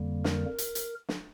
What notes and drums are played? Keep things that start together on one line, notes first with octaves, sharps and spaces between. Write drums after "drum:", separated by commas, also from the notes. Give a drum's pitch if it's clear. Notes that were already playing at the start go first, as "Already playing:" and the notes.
Already playing: F2 D3 G3 A#3
A#4, drum: snare
drum: hi-hat
drum: hi-hat
drum: snare